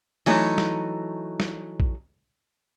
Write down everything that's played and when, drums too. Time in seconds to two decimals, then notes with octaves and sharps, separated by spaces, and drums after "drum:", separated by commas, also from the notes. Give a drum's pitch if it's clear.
0.26 E3 F#3 A3 D#4, drum: open hi-hat
0.58 drum: snare
1.40 drum: snare
1.80 drum: kick A#1